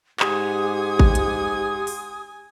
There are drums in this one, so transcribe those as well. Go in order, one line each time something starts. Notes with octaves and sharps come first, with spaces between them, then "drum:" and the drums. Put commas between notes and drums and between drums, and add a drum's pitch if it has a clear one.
G#2 G4 F#5 G#5 C6 D#6, drum: clap
drum: kick G#1
drum: hi-hat
drum: open hi-hat